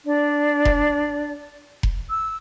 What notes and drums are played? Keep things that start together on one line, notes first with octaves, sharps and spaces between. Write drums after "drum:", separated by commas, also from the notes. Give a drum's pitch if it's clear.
D4 D5
drum: kick F1
drum: kick F1
E6